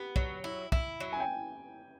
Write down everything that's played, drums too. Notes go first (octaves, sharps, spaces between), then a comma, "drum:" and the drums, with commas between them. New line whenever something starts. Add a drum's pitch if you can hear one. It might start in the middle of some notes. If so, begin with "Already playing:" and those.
Already playing: B3 G4
F#3, drum: kick
E4
E4, drum: kick
F#3
G#5
G5